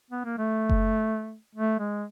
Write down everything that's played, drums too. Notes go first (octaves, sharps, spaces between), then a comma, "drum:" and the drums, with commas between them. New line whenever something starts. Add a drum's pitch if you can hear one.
B3
A#3
A3
drum: kick F#1
A3
G#3